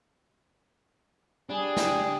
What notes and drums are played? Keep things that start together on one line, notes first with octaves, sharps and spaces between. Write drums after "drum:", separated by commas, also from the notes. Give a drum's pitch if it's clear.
G3 D4 G4 G#4 G#5
drum: snare